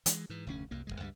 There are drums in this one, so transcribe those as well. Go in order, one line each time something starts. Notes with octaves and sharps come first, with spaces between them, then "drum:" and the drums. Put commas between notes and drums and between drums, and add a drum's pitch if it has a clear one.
E3 G#3, drum: hi-hat
G#2 E3
F1 D2 C#4
C2 F#2 A#3
D1 C#2 G#3
C#2 G2 F3 G3